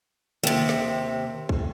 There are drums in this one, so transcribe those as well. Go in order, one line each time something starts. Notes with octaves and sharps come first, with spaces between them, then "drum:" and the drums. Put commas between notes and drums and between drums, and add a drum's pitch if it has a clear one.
D#2 C3, drum: tom D3
drum: snare
drum: kick